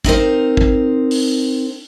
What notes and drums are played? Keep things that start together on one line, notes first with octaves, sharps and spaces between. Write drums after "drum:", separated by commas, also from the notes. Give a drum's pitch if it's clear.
C4 D#4 A#4 C5, drum: kick
drum: kick
drum: open hi-hat